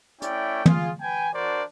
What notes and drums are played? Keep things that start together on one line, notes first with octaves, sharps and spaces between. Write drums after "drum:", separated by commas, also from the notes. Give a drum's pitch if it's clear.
A3 C#4 E4 D5 G5, drum: hi-hat
F4 G#4, drum: tom
B4 G5 G#5
D4 F#4 A#4 C5 D5